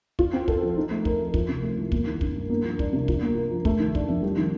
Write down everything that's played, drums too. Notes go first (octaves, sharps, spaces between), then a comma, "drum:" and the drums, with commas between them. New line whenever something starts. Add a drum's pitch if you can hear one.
F4, drum: kick
C4
A4, drum: kick
F3
D#4
A3
A#4, drum: kick
F3
F3, drum: kick
C3
A3
C2
A#3, drum: kick
D#3
G2, drum: kick
G2
A#3
F3
D4, drum: kick
C3
F4, drum: kick
A#3
A#4
F3
A3, drum: kick
D#3
D4, drum: kick
F2
G3
D#3